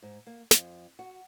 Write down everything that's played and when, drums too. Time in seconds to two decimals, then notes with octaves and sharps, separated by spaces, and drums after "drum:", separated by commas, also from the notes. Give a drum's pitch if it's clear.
0.03 G#2
0.27 A#3
0.51 F2, drum: snare
0.99 F#4